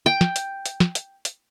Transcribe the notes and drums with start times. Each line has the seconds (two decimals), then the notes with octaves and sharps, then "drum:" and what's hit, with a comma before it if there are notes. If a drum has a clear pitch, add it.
0.06 G5
0.21 drum: snare
0.36 drum: hi-hat
0.66 drum: hi-hat
0.80 drum: snare
0.95 drum: hi-hat
1.25 drum: hi-hat